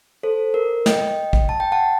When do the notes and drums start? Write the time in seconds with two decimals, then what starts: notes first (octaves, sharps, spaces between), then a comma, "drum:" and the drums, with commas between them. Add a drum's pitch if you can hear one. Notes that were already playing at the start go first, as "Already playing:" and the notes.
0.23 A4 C5
0.54 A#4
0.86 D#5 G5, drum: snare
1.33 drum: kick
1.49 A5
1.60 G5
1.72 F#5 A5